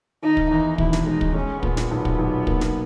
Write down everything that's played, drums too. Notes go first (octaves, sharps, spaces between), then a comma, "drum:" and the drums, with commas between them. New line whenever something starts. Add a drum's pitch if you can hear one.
D#3 D#4
drum: kick
E2 D#4
E1 E4, drum: kick
drum: snare
G#3 D#4
drum: kick
G#3 C#4
A#2 B3, drum: kick
drum: snare
B1
drum: kick
B1
A#3, drum: kick
drum: snare